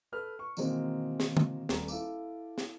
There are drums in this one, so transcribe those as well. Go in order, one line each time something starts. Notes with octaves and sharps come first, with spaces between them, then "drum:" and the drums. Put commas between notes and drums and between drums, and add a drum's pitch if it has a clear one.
A4 B4 F6
C#6
B2 D#3 E3 G#3 A#3 C4, drum: tambourine
drum: snare
drum: tom
D#1 A3 B4 A#5, drum: snare
E4 A4 F5 D6, drum: tambourine
drum: snare